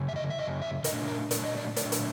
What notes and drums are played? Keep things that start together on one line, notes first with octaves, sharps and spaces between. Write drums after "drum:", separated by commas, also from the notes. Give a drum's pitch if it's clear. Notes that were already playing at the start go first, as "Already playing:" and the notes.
Already playing: F#2 C#3
E5
D#5
E5
F#2 C#3 D#5
E5
A#2 F#3 A3 D4 D#5, drum: hi-hat
A#4
A#2 F#3 A3 D4 D5, drum: hi-hat
D#5
D5
A#2 F#3 A3 D4 D5, drum: hi-hat
drum: hi-hat